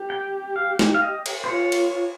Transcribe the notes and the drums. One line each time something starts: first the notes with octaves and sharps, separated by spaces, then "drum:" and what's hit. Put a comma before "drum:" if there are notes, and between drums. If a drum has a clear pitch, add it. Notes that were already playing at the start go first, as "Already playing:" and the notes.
Already playing: G4
G5
F5
drum: snare
F5
D#5
drum: cymbal
C5
F4 C#5
drum: cymbal